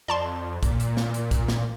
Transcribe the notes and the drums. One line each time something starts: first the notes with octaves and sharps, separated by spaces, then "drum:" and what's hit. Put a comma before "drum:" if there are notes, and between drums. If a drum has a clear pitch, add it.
F2 D5 A5 C6
A#2, drum: kick, hi-hat
drum: hi-hat
drum: snare
drum: hi-hat
drum: kick, hi-hat
drum: snare